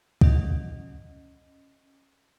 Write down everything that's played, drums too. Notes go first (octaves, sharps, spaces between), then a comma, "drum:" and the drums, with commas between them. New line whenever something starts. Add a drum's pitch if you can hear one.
C#4 D#5, drum: kick